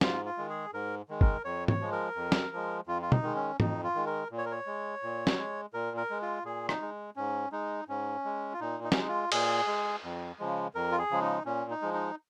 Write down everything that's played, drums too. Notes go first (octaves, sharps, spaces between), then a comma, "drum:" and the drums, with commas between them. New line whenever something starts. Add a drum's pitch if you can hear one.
G#2 F4, drum: snare
F4
D#3 G#3
G#4
G#2 A#4
D#3 G#3
A#4, drum: kick G1
F2 C#5
C#5, drum: tom G#2
F3 G#3
A#4
F2
drum: snare
F3 G#3
F2 F4
F4
D#4, drum: tom
D#3 G#3
C#4
F2 D#4, drum: tom G#2
F4
D#3 G#3
A#4
A#2
C#5
A#4
C#5
G#3
A#2
drum: snare
G#3
A#2 A#4
A#4
G#3
F4
A#2 G#4
D#4, drum: rim click
G#3
G#2 C#4
G#3 D#4
G#2 C#4
G#3
F4
A#2 D#4
D#4
C#4, drum: snare
G#3 D#4
F4
A#2 G#4, drum: cymbal
G#3
F2
C#3 F3 G#3
F2 A#4
F4
G#4
C#3 F3 G#3
D#4
A#2 C#4
D#4
F3 G#3
D#4